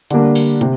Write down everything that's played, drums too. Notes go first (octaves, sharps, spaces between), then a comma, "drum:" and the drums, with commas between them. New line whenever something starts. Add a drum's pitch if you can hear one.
D3 G3 A#3 D4, drum: hi-hat
drum: open hi-hat
C3, drum: hi-hat